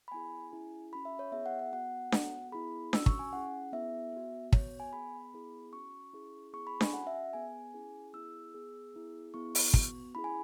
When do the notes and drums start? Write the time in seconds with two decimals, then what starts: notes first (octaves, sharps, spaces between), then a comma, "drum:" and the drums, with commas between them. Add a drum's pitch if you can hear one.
0.08 B5
0.12 B3 E4 G#4 G#5
0.52 C#4 E4 G#4
0.92 C#4 F#4 B5
1.05 E5
1.19 C#5
1.32 B3 E4 G#4 E5
1.46 F#5
1.59 F#5
1.73 B3 F#4 F#5
2.12 B3 F#4, drum: snare D4
2.52 B3 E4 G#4 B5
2.93 C#4 F#4 E6, drum: snare D4
3.06 C#6, drum: kick
3.19 G#5
3.33 C#4 E4 G#4 F#5
3.73 B3 E4 G#4 E5
4.13 B3 F#4
4.53 B3 F#4 C#5, drum: kick
4.80 G#5
4.93 B3 G#4 B5
5.33 B3 E4 G#4
5.73 C#4 F#4 C#6
6.13 C#4 E4 G#4
6.53 B3 E4 G#4 C#6
6.67 B5
6.81 G#5, drum: snare D4
6.93 C#4 F#4 F#5
7.07 E5
7.33 B3 G#4 G#5
7.73 C#4 E4 G#4
8.13 B3 E4 G#4 E6
8.54 B3 G#4
8.94 B3 E4 G#4
9.34 B3 E4 G#4 C#6
9.55 drum: open hi-hat
9.74 B3 F#4, drum: kick
10.14 C#4 E4 G#4 B5
10.24 G#5